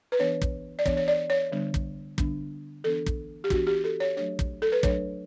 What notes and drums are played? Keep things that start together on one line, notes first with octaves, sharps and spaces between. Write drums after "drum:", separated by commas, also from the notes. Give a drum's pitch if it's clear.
B4
E3 B3 D4 C#5
drum: kick
D5
E3 B3 D4 C#5, drum: kick
C#5
D5
C#5
D3 G3 B3 D4
drum: kick
D3 G3 B3 D4, drum: kick
E3 B3 D4 A4
drum: kick
G4
E3 B3 D4 F#4, drum: kick
G4
A4
C#5
F#3 A3 D4 C#5
drum: kick
A4
B4
F#3 A3 D4 C#5, drum: kick